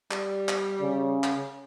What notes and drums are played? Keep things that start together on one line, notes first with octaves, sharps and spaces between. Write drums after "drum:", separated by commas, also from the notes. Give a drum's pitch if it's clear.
G3, drum: clap
drum: clap
C#3
drum: clap